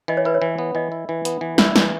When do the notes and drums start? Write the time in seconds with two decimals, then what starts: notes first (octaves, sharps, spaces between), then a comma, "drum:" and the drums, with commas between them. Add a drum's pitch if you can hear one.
0.08 E3 D#5
0.17 C#5
0.25 E4 B4
0.34 C#5
0.42 E3
0.58 B3
0.75 E3 D#5
0.92 E4
1.09 E3
1.25 B3, drum: hi-hat
1.41 E3
1.58 E4, drum: snare
1.76 E3, drum: snare